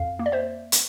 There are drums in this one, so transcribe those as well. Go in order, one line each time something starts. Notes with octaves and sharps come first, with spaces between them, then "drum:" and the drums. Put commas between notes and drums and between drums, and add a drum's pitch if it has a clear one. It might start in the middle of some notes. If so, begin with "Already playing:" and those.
Already playing: F2 F5
A#3
D5
C5 E5
drum: hi-hat